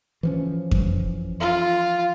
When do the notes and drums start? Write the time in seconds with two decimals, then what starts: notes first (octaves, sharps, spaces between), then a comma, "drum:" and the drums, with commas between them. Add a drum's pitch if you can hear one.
0.23 E3 F3 C#4
0.71 drum: kick F2
1.40 F4